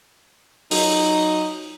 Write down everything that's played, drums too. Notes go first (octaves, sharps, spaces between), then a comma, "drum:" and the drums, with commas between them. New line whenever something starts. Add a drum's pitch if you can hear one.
F#3 D#4, drum: open hi-hat